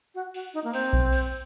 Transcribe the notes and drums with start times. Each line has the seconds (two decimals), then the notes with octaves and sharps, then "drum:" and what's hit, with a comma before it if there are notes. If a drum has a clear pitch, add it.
0.15 F#4
0.34 F#4, drum: cymbal
0.54 D#4
0.64 A#3
0.73 C4, drum: cymbal
0.93 drum: kick B1
1.12 drum: cymbal